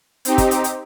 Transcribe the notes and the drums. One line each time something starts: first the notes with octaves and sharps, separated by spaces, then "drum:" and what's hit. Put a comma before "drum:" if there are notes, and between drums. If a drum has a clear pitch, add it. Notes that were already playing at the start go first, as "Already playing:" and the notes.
C4 D#4 G4, drum: hi-hat
drum: kick, hi-hat
drum: hi-hat
drum: hi-hat